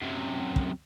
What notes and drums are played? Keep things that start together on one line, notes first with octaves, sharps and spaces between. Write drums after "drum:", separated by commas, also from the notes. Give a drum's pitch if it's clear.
F#2 C3
drum: kick